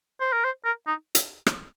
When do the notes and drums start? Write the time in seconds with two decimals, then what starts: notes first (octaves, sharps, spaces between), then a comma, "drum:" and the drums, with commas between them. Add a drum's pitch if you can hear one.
0.20 C5
0.33 A#4
0.44 C5
0.65 A#4
0.87 D#4
1.15 drum: hi-hat
1.47 drum: rim click